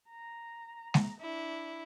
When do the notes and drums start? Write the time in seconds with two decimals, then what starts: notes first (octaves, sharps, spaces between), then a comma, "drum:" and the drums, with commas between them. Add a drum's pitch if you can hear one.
0.10 A#5
0.94 drum: snare G#3
1.21 D4 E4